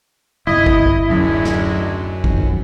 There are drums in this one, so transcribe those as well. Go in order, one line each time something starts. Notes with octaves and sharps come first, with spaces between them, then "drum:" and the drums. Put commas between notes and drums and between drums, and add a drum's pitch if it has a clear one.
G1 C2 E4 D#5
drum: kick
D1 F#2 D#3 G#3 D4
drum: snare
F2 G#2 D#3, drum: kick